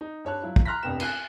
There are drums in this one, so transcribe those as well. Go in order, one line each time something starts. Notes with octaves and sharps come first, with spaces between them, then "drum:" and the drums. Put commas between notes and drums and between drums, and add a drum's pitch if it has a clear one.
D#4
G2 C#5 A5 F#6
F#3 E4 F4
drum: kick
A#5 C6 F6 F#6 A#6 B6
F1 C2 G2 B3 G5 E7
G#5 F#6 C7 D#7, drum: cymbal